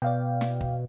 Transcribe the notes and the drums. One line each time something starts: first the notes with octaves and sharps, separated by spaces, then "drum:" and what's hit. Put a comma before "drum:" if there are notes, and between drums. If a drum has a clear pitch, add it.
B2 D5 F5 G5
drum: snare
drum: kick